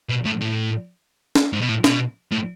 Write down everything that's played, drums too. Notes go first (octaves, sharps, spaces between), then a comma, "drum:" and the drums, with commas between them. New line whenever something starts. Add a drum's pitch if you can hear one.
B2
A2
A2
drum: snare C#4
G#2
B2
A2
B2, drum: snare C#4
A2